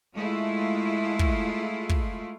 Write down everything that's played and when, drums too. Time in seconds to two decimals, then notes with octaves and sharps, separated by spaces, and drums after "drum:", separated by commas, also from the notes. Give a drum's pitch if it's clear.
0.14 G#3 A3 E4 F4
1.19 drum: kick
1.89 drum: kick